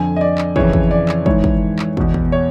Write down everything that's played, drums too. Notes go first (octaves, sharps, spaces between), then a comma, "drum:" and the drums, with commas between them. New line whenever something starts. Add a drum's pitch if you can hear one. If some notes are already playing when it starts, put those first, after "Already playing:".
Already playing: F2 D3 G#5
D#5
D5
drum: clap
F2 C#3 E3 C#5, drum: kick
drum: kick
D5
drum: clap
G#2 E3 C#5, drum: kick
drum: kick
drum: clap
E2 B2, drum: kick
drum: kick
C#5